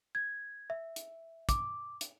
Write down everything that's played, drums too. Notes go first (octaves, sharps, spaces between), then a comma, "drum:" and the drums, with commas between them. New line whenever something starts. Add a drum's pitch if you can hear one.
G#6
E5
drum: hi-hat
D6, drum: kick, hi-hat
drum: hi-hat